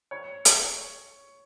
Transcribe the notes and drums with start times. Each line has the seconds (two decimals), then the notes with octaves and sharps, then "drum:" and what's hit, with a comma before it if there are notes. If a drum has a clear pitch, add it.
0.11 C#5
0.45 drum: hi-hat